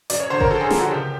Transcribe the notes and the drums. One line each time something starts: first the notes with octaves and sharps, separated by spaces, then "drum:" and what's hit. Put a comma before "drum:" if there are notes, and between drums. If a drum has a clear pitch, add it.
F#2 D5, drum: hi-hat
C#5
D3 C5
A#4, drum: kick G#1
F#2 A4
G#4
F3 G4, drum: snare
F#4
C#2 G4